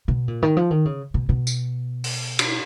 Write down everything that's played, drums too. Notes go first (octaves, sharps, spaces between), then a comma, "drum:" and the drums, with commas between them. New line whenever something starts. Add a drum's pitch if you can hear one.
B2
A#2
D#3
F3
D#3
C#3
B2
B2
drum: tambourine
drum: open hi-hat
drum: cymbal